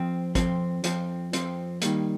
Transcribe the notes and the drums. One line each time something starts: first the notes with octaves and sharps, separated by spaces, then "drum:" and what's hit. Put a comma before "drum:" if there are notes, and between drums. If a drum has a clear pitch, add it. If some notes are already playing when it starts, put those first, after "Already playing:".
Already playing: F2 F3 C4
F2 F3 C4, drum: kick, hi-hat
F2 F3 C4, drum: hi-hat
F2 F3 C4, drum: hi-hat
D#3 G3 A#3, drum: hi-hat